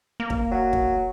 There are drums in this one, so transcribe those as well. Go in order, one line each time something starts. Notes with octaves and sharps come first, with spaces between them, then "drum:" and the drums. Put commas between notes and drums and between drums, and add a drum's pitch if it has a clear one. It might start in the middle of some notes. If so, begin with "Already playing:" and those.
A#3
drum: kick
F#3
drum: kick